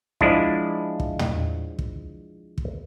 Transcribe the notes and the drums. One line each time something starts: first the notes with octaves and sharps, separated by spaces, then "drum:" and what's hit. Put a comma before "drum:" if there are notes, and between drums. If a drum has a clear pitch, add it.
F3 G#3 D4 E4, drum: kick
drum: kick
drum: tom
drum: kick
drum: kick